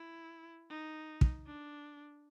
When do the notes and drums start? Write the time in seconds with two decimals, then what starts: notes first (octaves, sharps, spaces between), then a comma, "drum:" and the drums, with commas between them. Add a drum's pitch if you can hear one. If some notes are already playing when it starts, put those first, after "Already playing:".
Already playing: E4
0.71 D#4
1.21 drum: kick
1.47 D4